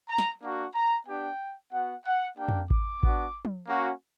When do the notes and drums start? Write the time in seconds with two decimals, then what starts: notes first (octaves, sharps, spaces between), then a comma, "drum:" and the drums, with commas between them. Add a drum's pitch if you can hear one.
0.09 A#5
0.18 drum: snare
0.42 A#3 D4 F#4
0.74 A#5
1.07 B3 D4 G4 G5
1.72 B3 F#4 F#5
2.05 F#5
2.37 A#3 D4 G4 G5
2.48 drum: tom F2
2.70 D6, drum: kick G#1
3.03 B3 D4 F#4, drum: kick G#1
3.45 drum: tom
3.68 A#3 C#4 F#4